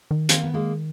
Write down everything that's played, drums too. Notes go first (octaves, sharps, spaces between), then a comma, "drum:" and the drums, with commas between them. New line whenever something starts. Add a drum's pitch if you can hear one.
D#3
A#3 C4, drum: hi-hat
B3
G#3 A#3